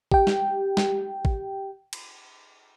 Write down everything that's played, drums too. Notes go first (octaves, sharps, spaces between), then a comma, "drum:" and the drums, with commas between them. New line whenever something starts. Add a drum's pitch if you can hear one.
G4 G5, drum: kick G#1
drum: snare
drum: snare
drum: kick G#1
drum: cymbal